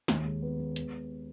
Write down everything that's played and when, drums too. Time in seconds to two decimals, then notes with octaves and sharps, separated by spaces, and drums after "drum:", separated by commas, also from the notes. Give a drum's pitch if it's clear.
0.08 D#2, drum: snare
0.25 G#3
0.42 B3
0.59 G#3
0.76 B3, drum: hi-hat